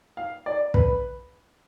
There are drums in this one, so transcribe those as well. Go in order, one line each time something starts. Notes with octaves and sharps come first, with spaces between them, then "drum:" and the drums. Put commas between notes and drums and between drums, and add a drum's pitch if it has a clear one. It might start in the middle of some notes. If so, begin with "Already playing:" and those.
F5
D5
B4, drum: kick